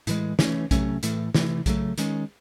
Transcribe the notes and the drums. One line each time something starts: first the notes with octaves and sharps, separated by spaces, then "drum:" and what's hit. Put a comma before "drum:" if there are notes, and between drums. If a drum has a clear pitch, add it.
A2 E3 G#3, drum: hi-hat
E3 A3 C#4, drum: snare
C3 F#3 A3 C#4, drum: kick A#1, hi-hat
A2 E3 A3, drum: hi-hat
C3 E3 A3, drum: snare
C#3 F#3 A3, drum: kick A#1, hi-hat
D#3 G#3 C#4, drum: hi-hat